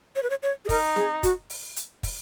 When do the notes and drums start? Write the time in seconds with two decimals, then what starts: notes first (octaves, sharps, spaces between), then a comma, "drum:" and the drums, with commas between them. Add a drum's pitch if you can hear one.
0.16 C#5
0.23 B4
0.30 C#5
0.43 C#5
0.65 G#4
0.69 D#4 A#4, drum: kick, open hi-hat
0.96 G#4, drum: snare C4
1.23 F#4, drum: kick, hi-hat
1.50 drum: open hi-hat
1.76 drum: hi-hat
2.03 drum: kick, open hi-hat